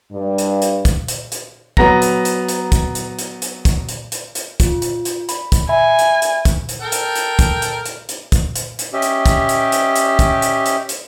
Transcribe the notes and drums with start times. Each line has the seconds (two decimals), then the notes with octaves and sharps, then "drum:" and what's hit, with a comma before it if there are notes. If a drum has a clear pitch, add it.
0.12 G2
0.38 drum: hi-hat
0.62 drum: hi-hat
0.85 drum: kick, hi-hat
1.08 drum: hi-hat
1.32 drum: hi-hat
1.77 F#3 B3 A#5 A#6, drum: kick
2.02 drum: hi-hat
2.25 drum: hi-hat
2.49 drum: hi-hat
2.72 drum: kick, hi-hat
2.95 drum: hi-hat
3.19 drum: hi-hat
3.42 drum: hi-hat
3.65 drum: kick, hi-hat
3.89 drum: hi-hat
4.12 drum: hi-hat
4.35 drum: hi-hat
4.60 F4, drum: kick, hi-hat
4.82 drum: hi-hat
5.05 drum: hi-hat
5.29 B5, drum: hi-hat
5.52 drum: kick, hi-hat
5.69 E5 G#5 B5
5.99 drum: hi-hat
6.22 drum: hi-hat
6.45 drum: kick, hi-hat
6.69 drum: hi-hat
6.81 A4 A#4 G5
6.92 drum: hi-hat
7.15 drum: hi-hat
7.39 drum: kick, hi-hat
7.62 drum: hi-hat
7.85 drum: hi-hat
8.09 drum: hi-hat
8.32 drum: kick, hi-hat
8.56 drum: hi-hat
8.79 drum: hi-hat
8.93 C#4 G4 D#5 E5
9.02 drum: hi-hat
9.26 drum: kick, hi-hat
9.49 drum: hi-hat
9.72 drum: hi-hat
9.96 drum: hi-hat
10.19 drum: kick, hi-hat
10.42 drum: hi-hat
10.66 drum: hi-hat
10.89 drum: hi-hat